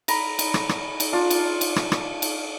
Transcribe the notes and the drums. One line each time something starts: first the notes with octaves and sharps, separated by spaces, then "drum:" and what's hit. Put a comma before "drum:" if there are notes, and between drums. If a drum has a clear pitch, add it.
A#5 B5, drum: cymbal
drum: cymbal
drum: rim click
drum: rim click
drum: cymbal
D4 F4
drum: cymbal
drum: cymbal
drum: rim click
drum: rim click
drum: cymbal